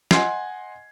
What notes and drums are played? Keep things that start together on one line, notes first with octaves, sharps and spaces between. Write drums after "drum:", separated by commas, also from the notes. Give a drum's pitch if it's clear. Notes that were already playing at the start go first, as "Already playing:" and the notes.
D#5 F#5 G#5 C6 G#6 C7, drum: snare